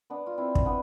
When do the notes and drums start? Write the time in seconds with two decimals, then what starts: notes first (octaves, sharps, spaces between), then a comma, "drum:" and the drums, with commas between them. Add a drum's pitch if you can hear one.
0.10 B3 D4
0.26 F4
0.38 C4 E4
0.55 drum: kick
0.66 B3 D4